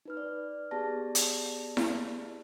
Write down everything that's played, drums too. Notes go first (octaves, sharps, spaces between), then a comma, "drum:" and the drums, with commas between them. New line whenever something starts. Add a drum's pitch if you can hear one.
D#4 B4 F6
D5
B3 G4 G#4 D5 A5 A#6
drum: hi-hat
drum: snare E4